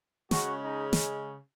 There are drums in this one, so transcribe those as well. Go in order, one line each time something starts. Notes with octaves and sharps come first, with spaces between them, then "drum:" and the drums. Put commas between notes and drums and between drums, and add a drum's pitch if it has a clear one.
C#3 G#3 C#4 F#4, drum: snare
D#4
drum: snare